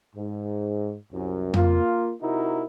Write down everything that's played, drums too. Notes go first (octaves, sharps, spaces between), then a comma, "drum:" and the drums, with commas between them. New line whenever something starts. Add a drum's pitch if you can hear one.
G#2
C2 F#2
A#3 F4, drum: tom F2
C3 D#4 E4 F#4 A#4